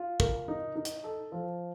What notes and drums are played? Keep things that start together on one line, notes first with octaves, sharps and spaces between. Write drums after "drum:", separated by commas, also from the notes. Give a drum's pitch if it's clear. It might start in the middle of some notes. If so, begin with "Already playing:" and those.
Already playing: F4
A#4, drum: kick
D#4
D#4
drum: hi-hat
A4
F3